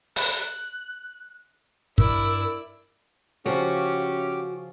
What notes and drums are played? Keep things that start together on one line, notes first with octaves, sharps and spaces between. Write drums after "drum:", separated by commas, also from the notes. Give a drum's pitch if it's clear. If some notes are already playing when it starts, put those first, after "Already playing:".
F#6, drum: open hi-hat
G2 E4 A#4 D5 E6, drum: kick
C#3 F3 C#4 F#4 G4 D6